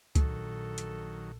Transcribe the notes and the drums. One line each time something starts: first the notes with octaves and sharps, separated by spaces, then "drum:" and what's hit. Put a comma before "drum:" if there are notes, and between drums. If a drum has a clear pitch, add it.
A#1 D#3 F#3 A4, drum: kick C#2, hi-hat
drum: hi-hat